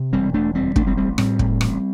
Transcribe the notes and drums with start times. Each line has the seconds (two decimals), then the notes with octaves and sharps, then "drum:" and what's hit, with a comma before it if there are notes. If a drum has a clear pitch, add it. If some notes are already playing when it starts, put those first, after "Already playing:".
Already playing: C3
0.13 E1 G3 C4
0.34 E1 A3 D4
0.55 D2 G3 C4
0.76 A1 A3 D4, drum: kick
0.86 G3 C4
0.97 A1 G3 C4
1.18 A2 G3 C4, drum: rim click
1.39 A2, drum: kick
1.61 A1, drum: rim click